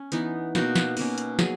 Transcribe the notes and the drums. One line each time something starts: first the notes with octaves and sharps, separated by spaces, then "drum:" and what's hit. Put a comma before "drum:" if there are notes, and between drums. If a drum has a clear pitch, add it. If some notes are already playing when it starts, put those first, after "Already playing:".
Already playing: C#4
E3 B3 D#4, drum: hi-hat
B2 A#3 D#4 F#4, drum: snare
drum: snare
B2 A#3 C#4, drum: open hi-hat
drum: hi-hat
F#3 G#4, drum: snare